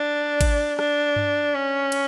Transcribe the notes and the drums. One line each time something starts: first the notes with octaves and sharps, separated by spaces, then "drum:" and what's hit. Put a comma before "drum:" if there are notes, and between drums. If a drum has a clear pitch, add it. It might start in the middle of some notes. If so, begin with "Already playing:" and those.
Already playing: D4
drum: kick G#1, cymbal
D4, drum: rim click
drum: tom G2
C#4
drum: cymbal